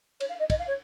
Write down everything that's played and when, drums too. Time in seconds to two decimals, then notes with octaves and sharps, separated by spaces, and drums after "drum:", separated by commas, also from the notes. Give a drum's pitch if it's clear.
0.20 C#5, drum: cymbal
0.29 F5
0.39 D#5
0.50 D#5, drum: kick, cymbal
0.59 F5
0.68 C#5